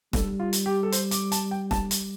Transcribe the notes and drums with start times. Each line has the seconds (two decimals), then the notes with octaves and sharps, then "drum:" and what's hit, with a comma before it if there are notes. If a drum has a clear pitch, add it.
0.13 G3 A4, drum: snare E1
0.40 F4
0.53 drum: hi-hat
0.66 G4
0.83 A4
0.92 C5, drum: hi-hat
1.11 D6, drum: hi-hat
1.32 A5, drum: hi-hat
1.51 G5
1.71 A5, drum: snare E1
1.91 drum: hi-hat